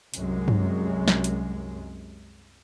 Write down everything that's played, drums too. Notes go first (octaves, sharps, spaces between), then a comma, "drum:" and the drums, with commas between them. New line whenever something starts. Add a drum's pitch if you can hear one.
C2 F#2 G#3, drum: hi-hat
drum: tom
drum: snare
drum: hi-hat